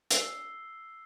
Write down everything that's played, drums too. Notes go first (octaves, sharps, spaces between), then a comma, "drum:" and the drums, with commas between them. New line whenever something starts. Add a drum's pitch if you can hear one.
E6 C7 G7, drum: hi-hat